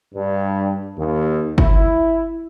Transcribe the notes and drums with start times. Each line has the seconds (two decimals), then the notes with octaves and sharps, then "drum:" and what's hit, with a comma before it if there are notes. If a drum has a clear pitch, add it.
0.14 G2
0.97 D#2
1.58 E4, drum: kick G1